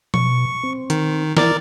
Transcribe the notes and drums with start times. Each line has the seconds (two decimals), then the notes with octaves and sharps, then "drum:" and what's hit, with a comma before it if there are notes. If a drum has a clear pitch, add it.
0.14 B2 C#6, drum: tom F3
0.63 C4
0.90 D#3, drum: hi-hat
1.37 E3 E4 A#4 D5 A6, drum: snare